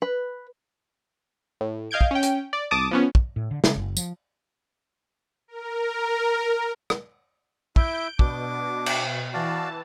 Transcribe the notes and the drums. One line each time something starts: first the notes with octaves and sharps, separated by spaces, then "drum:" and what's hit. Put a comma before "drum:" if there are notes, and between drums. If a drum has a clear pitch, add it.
B4
A2
D#5 F5 G6 G#6 D7
drum: kick
C#4 G5
drum: hi-hat
D5
C2 A5 D6 D#6
F3 B3 C#4
drum: kick
A2
D3
C#3, drum: snare
F#1
F3, drum: tambourine
A#4
drum: rim click
E4 E5 G6 D7, drum: kick
B2 D4 D6, drum: kick
drum: cymbal
E3 F#4 D5 F5 A5